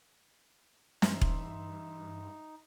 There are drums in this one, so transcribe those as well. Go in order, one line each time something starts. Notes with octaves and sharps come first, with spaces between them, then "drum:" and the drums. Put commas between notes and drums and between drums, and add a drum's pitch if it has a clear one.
G2 E3 D#4 E5 C6, drum: snare
drum: kick E1